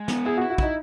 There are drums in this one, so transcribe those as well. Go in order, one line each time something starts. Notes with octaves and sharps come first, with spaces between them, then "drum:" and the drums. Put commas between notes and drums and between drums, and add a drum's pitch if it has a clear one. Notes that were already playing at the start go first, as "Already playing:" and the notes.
Already playing: G#3
B3, drum: snare
E4 G#4
F#4
E4
F#4
D#4 E4, drum: kick